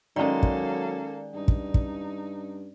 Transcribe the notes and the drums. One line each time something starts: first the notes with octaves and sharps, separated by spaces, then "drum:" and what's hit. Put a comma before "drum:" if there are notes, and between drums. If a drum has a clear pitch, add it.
D#3 F#3 G#3 A#3 C#4 A4 D5
drum: kick
G2 D#4
drum: kick
drum: kick